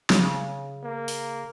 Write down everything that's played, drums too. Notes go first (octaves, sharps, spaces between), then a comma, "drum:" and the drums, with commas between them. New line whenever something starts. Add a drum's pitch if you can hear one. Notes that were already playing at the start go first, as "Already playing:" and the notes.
C#3, drum: snare
A#3
drum: open hi-hat